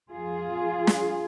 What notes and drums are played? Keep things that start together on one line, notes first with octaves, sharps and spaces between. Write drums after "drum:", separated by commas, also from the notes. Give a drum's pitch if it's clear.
F2 F3 F4 G#4
drum: snare